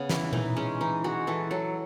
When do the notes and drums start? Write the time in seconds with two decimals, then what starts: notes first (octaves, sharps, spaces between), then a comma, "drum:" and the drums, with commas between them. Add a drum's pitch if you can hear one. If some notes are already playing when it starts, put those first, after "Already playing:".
Already playing: C#3 B3
0.09 E3 E4, drum: snare
0.33 E3 D#4, drum: tom A#2
0.56 G#3 C#4
0.81 E3 D#4
1.04 G#3 F#4
1.27 E3 A4
1.51 F#3 A4